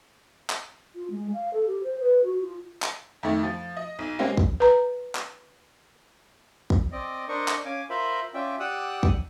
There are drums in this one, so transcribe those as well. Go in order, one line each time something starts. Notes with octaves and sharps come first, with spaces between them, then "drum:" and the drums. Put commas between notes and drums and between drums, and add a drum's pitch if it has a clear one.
drum: clap
F4
G#3
F5
A4
G4
C5
B4
F#4
F4
drum: clap
F2 D#3 A3
F3
D#5
B1
G#3 A#3 C4 C#4 G4
drum: kick
B4 A#5
drum: clap
drum: kick
C4 D5 D#5
D4 A#4 C5 D5 D#5 C#6
drum: clap
C#4 F5 G#5 D6
F4 A#4 C5 E5 F5 B5
C#4 F4 D5 E5 G5
G4 D5 F#5 D#6 E6 F#6
drum: kick